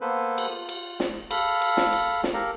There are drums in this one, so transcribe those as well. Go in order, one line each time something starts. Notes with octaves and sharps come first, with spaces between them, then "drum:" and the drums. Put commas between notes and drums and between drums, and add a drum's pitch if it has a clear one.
A#3 B3 A4 B4 C5
drum: cymbal
F4
drum: cymbal
drum: snare
A4 F5 B5, drum: cymbal
drum: cymbal
drum: snare
drum: cymbal
drum: snare
G4 A4 A#4 F5 A#5